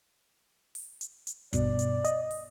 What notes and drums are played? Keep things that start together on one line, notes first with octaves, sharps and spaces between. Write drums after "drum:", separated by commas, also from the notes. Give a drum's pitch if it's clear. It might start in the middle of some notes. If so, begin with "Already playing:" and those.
drum: open hi-hat
drum: hi-hat
drum: hi-hat
G2 B2 D5, drum: kick, hi-hat
drum: hi-hat
D#5, drum: hi-hat
drum: open hi-hat